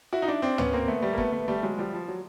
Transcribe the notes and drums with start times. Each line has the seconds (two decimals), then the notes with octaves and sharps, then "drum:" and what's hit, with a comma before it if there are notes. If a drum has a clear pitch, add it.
0.13 E4 F#4
0.22 D#4
0.28 D4 E4
0.42 C4 D4
0.58 B3 C#4, drum: tom
0.73 A#3 C4
0.88 A3 B3
1.02 G3 A3
1.13 A#3
1.18 A3 B3, drum: kick
1.32 A3 B3
1.48 G3 A3
1.63 F#3 G#3
1.77 F3 G3
1.93 F3
2.08 F#3